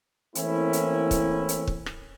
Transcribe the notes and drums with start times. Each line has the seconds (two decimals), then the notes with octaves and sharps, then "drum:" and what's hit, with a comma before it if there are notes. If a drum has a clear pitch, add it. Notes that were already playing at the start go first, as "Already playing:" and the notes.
0.35 E3 A3 A#3 C4 C#4 E4, drum: hi-hat
0.73 drum: hi-hat
1.11 drum: kick, hi-hat
1.49 drum: hi-hat
1.67 drum: kick
1.86 drum: rim click